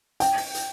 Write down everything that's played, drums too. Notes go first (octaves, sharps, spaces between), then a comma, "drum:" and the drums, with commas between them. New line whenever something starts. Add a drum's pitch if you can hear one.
G5, drum: hi-hat
drum: open hi-hat
drum: hi-hat